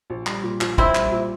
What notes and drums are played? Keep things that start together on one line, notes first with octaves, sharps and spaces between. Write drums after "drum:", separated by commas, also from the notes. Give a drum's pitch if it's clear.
A#1
G3, drum: clap
A#2
A#1, drum: clap
A#1 C4 E4, drum: kick
G3, drum: clap
A#2